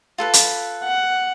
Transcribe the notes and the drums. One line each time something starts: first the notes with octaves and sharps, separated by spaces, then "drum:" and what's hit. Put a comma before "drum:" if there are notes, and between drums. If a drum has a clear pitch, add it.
F4 A4 B4
drum: hi-hat
F#5